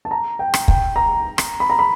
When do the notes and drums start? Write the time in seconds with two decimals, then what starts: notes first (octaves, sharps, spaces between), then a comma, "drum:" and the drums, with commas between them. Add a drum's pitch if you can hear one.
0.05 A5
0.11 A#5
0.39 G5
0.54 drum: rim click
0.68 G5, drum: kick
0.96 A#5
1.38 drum: rim click
1.60 B5
1.70 A#5
1.79 B5